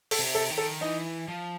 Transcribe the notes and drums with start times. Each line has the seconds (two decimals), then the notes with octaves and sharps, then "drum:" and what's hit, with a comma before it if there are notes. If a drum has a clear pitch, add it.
0.11 A4, drum: open hi-hat
0.19 C3
0.35 A4
0.50 D#3
0.58 A4
0.81 E3 D#4
1.28 F3